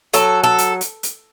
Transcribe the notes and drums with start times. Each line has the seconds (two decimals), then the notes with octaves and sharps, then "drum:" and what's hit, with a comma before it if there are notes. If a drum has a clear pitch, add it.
0.14 F#3 A4, drum: hi-hat
0.44 A4
0.58 drum: hi-hat
0.81 drum: hi-hat
1.03 drum: hi-hat